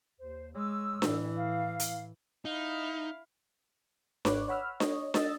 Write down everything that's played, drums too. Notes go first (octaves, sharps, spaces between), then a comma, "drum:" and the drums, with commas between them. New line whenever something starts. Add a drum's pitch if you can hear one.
D#2 C5
G#3 C#5 D#6 E6
A2 E3, drum: snare D4
F5
drum: hi-hat
D#4 E4 F5
G#1 B4 C#5 D6 F#6, drum: snare D4
C#5 F#5 B5 E6 F6
C#5 D#5, drum: snare D4
D#5 E6 A6, drum: snare D4